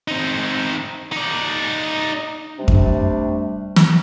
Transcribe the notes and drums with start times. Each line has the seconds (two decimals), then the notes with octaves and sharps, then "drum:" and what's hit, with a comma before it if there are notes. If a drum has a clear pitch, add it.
0.08 C4 D#4
1.12 D#4 D5
2.58 C3 G3 A3 D4
2.68 drum: kick F2
3.76 drum: snare